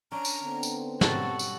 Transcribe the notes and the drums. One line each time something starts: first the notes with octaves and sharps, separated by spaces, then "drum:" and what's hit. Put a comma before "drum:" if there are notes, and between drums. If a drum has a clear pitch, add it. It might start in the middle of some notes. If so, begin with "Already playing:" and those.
C#4 D4 A#5
drum: tambourine
D3 B3 C4
drum: tambourine
F#3 G3 F#4 A4 A5, drum: snare
drum: tambourine